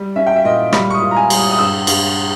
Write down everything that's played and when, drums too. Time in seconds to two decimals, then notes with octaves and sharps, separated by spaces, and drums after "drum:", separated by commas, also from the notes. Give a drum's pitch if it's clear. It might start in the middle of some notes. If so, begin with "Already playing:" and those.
Already playing: G3
0.16 C#4 E5
0.27 G5
0.36 E5
0.44 A#2 D#5
0.73 G3 B5, drum: rim click
0.90 C#6
0.94 D#6
1.02 A#2
1.11 A#5
1.16 G#5
1.30 G3, drum: cymbal
1.37 D#6
1.51 D#6
1.58 G2 E6
1.87 G2, drum: cymbal